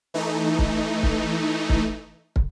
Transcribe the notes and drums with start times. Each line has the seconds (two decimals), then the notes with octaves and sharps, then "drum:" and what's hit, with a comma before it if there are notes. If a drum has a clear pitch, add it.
0.14 E3 A3 D#4
0.58 drum: kick
1.03 drum: kick
1.69 drum: kick
2.36 drum: kick